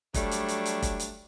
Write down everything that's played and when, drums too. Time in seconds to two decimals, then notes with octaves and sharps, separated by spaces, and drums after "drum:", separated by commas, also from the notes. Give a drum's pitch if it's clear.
0.14 F#3 G3 A3 D4, drum: kick, hi-hat
0.31 drum: hi-hat
0.48 drum: hi-hat
0.65 drum: hi-hat
0.83 drum: kick, hi-hat
1.00 drum: hi-hat